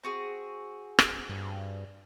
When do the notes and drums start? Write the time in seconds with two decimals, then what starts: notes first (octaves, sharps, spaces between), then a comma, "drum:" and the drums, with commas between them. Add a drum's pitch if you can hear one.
0.04 C4 F#4 G#4
0.99 drum: rim click
1.29 G2